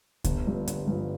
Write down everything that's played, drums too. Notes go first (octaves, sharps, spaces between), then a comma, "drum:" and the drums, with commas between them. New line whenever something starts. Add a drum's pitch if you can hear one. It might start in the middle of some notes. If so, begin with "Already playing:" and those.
G1, drum: kick C#2, hi-hat
G2 F3
G1, drum: hi-hat
G2 F3